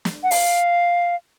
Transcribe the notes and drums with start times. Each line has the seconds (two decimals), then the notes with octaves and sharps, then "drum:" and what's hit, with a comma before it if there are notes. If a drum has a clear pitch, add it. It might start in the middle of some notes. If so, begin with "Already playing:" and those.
0.05 drum: snare
0.23 F#5
0.31 F5, drum: open hi-hat